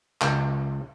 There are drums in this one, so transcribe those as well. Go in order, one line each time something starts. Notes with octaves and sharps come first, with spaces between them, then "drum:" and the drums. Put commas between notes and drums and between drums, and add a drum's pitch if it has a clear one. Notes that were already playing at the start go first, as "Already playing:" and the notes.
C#2, drum: clap